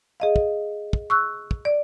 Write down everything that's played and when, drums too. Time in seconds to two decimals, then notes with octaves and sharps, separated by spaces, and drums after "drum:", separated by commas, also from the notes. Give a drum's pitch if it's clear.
0.20 G#4 D#5 F5
0.36 drum: kick
0.93 drum: kick
1.10 C#6 E6 F#6
1.51 drum: kick
1.65 D5